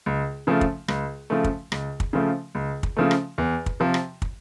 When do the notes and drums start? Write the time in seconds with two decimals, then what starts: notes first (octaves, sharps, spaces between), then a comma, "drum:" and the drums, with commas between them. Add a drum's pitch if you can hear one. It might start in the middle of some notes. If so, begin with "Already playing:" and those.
0.06 C#2
0.47 C#3 F3 A3
0.61 drum: kick
0.88 C#2, drum: rim click
1.30 C#3 F3 A3
1.44 drum: kick
1.72 C#2, drum: rim click
2.00 drum: kick
2.13 C#3 F3 A3
2.55 C#2
2.83 drum: kick
2.97 C#3 F3 A3
3.11 drum: rim click
3.38 E2
3.66 drum: kick
3.80 C3 F3
3.94 drum: rim click
4.22 drum: kick